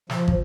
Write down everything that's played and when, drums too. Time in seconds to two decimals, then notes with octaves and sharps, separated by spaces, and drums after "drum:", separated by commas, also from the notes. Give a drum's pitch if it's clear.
0.10 F3, drum: snare
0.28 drum: kick